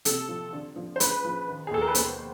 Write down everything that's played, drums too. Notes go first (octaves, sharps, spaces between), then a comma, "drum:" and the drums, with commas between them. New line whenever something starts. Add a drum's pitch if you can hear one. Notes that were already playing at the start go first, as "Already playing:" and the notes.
C3 A4, drum: hi-hat
F3
D3
F3
C5
C#3 B4, drum: hi-hat
F3
D#3
G#4
D#2 A4
A#4
B4
B2 C5, drum: hi-hat